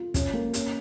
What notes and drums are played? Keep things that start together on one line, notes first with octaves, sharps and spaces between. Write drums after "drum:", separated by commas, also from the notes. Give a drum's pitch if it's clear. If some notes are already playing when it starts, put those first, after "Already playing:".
Already playing: F4
C#4, drum: kick, hi-hat
A#3
C#4, drum: hi-hat